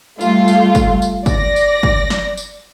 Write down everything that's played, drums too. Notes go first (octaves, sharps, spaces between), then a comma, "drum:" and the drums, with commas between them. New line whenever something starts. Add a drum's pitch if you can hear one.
G3 A3 F4, drum: tambourine
drum: tambourine
drum: kick, tambourine
drum: tambourine
D5 A#6, drum: kick, tambourine
drum: tambourine
drum: kick
drum: snare
drum: tambourine